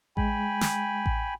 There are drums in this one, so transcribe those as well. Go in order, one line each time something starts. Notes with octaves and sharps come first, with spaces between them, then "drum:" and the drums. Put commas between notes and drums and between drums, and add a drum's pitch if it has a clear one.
G#3 G5 G#5 B5, drum: kick A1
drum: snare
drum: kick A1